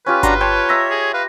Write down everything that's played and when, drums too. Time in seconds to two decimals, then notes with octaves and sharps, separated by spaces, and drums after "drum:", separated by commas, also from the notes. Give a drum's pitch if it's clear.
0.06 C#4 F4 G4 B4
0.23 D4 F#4 A#5 C6, drum: kick G1, hi-hat
0.41 C#5 G5 A5 C6
0.69 D#5 E5 A#5
0.91 G#4
1.14 B4 F5